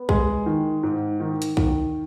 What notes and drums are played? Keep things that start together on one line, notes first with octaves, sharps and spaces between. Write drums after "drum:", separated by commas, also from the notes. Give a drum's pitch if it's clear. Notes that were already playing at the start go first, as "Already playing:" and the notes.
Already playing: B3
G#3, drum: kick B1
D#3
G#2
D#3
drum: hi-hat
D#3, drum: kick B1